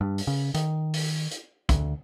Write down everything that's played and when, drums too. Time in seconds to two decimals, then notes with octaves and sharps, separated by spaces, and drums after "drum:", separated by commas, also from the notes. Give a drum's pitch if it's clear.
0.01 G2
0.18 drum: open hi-hat
0.27 C#3
0.54 D#3, drum: hi-hat
0.94 drum: open hi-hat
1.31 drum: hi-hat
1.69 D2, drum: kick, hi-hat